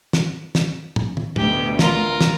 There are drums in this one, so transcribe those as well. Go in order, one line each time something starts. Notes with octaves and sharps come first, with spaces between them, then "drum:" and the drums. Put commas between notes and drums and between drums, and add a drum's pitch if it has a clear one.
drum: snare
drum: snare
drum: tom
drum: tom
D2 B2 G4, drum: tom
F4 A#4, drum: snare
drum: snare